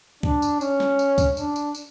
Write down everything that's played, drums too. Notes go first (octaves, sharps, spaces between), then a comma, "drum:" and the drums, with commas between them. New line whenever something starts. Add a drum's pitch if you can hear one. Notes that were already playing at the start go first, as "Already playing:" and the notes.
D4, drum: kick
drum: tambourine
C#4, drum: tambourine
drum: snare
drum: tambourine
drum: kick, tambourine
D4, drum: tambourine
drum: tambourine
drum: tambourine